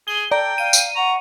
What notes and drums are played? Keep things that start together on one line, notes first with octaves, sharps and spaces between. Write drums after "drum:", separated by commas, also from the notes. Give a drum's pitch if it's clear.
G#4 G7
A4 D5 G5 A#5
F5 D#7
drum: tambourine
F#5 A#5 C#6